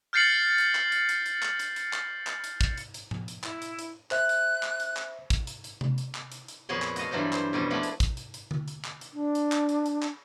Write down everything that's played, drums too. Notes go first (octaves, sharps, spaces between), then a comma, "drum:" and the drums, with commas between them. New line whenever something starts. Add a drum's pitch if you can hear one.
F6 G6 A6 C7 C#7 F#7
drum: hi-hat
drum: clap
drum: hi-hat
drum: hi-hat
drum: hi-hat
drum: clap
drum: hi-hat
drum: hi-hat
drum: clap
drum: clap
drum: hi-hat
drum: kick, hi-hat
drum: hi-hat
drum: hi-hat
drum: tom A2
drum: hi-hat
E4, drum: clap
drum: hi-hat
drum: hi-hat
C5 E5 F#6, drum: clap
drum: hi-hat
drum: clap
drum: hi-hat
drum: clap
drum: kick, hi-hat
drum: hi-hat
drum: hi-hat
drum: tom C3
drum: hi-hat
drum: clap
drum: hi-hat
drum: hi-hat
F2 A#2 B3 G#4 C#5 C6
drum: clap
F#4 A4 D#5 F5, drum: hi-hat
G2 E3 F#3 A4 C5
C5, drum: clap
F2 B2 G3 C#4 C5
F3 G#3 A3 B3 D4 E4
drum: hi-hat
drum: kick, hi-hat
drum: hi-hat
drum: hi-hat
drum: tom D3
drum: hi-hat
drum: clap
drum: hi-hat
D4
drum: hi-hat
drum: clap
drum: hi-hat
drum: hi-hat
drum: clap